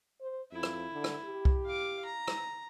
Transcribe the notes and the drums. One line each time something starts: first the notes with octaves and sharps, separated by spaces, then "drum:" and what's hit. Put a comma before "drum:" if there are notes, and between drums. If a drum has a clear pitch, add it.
C5
F2 E4
drum: rim click
D3
drum: rim click
G4
drum: kick C2
F5 D6
A#5
drum: rim click